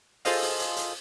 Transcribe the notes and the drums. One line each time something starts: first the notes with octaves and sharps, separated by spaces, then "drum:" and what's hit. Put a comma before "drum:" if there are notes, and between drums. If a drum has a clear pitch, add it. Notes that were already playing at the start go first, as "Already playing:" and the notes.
F4 G#4 A4 C5 D#5 F5, drum: open hi-hat
drum: open hi-hat
drum: hi-hat
drum: hi-hat